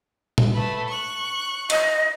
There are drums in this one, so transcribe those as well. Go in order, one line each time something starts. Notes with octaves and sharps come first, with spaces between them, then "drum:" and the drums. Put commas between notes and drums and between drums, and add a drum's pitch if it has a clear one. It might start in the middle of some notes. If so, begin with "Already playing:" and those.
drum: tom A#2
A3 B4
C#6 F#6
D#5, drum: hi-hat